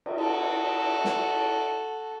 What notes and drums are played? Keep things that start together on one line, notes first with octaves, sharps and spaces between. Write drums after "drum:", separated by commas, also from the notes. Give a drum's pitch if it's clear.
drum: cymbal
F#4 A4
drum: snare